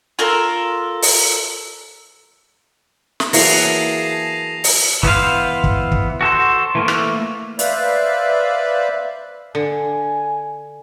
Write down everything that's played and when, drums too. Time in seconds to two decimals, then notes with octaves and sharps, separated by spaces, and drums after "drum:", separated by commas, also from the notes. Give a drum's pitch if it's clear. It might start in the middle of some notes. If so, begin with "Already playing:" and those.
0.19 F4 A4 A#4
1.02 drum: open hi-hat
3.20 drum: snare
3.33 E3 F#3 A#3 G#4 A5 A#6 C7 F7, drum: open hi-hat
4.64 drum: open hi-hat
5.03 E3 B3 C5 F5, drum: kick
5.64 drum: kick
5.92 drum: kick
6.21 F#4 A4 C5
6.75 E3 A3 A#3
6.88 drum: rim click
7.59 B4 C5 D5 E5 F5 B5, drum: hi-hat
9.55 D3 G#5